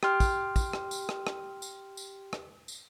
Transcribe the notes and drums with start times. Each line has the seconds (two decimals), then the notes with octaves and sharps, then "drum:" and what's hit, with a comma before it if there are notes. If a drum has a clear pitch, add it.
0.03 G4 G5 C6 F6, drum: rim click
0.20 drum: kick, tambourine
0.56 drum: kick, tambourine
0.73 drum: rim click
0.91 drum: tambourine
1.09 drum: rim click
1.27 drum: rim click
1.62 drum: tambourine
1.97 drum: tambourine
2.33 drum: rim click
2.68 drum: tambourine